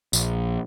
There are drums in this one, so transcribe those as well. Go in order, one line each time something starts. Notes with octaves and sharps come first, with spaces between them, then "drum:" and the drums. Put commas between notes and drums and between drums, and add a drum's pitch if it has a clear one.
A#1, drum: tambourine